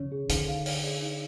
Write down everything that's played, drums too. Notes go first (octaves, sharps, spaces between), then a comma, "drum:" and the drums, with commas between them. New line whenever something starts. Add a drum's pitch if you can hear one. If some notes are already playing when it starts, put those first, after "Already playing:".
Already playing: C#3 C#5
G#4
D3 D#4, drum: hi-hat
F5
C#5, drum: open hi-hat
G#4
D#4